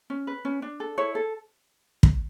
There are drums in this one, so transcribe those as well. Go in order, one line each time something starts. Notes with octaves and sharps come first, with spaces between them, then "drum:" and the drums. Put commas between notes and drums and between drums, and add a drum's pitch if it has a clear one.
C#4
B4
C#4
D4
A4
E4 C#5
A4
drum: kick